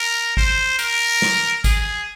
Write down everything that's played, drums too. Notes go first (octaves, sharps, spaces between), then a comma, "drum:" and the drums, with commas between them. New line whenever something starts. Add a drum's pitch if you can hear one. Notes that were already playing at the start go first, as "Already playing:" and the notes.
Already playing: A#4
C5, drum: kick G#1
A#4, drum: tambourine
drum: snare
G#4, drum: kick G#1, tambourine